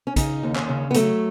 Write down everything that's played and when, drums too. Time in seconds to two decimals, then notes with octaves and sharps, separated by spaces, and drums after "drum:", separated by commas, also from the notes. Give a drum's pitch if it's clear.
0.07 C#4
0.16 C#3 D#4, drum: kick, hi-hat
0.43 D#2
0.56 C#4, drum: clap
0.69 C#3
0.91 B3
0.94 F#3 A3, drum: hi-hat